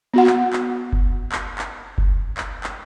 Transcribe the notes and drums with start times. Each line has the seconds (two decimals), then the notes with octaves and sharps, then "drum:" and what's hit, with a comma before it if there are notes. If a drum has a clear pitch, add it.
0.14 B3 F#4 F#5
0.27 drum: clap
0.53 drum: clap
0.93 drum: kick F#1
1.32 drum: clap
1.58 drum: clap
1.98 drum: kick F#1
2.37 drum: clap
2.64 drum: clap